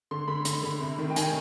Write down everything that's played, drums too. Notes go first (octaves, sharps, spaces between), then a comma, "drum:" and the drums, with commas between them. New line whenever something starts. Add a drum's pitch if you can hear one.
D3 C6
D3 B5
D3 B5, drum: hi-hat
D3
C3
D#3
G5
D#3 G#5, drum: hi-hat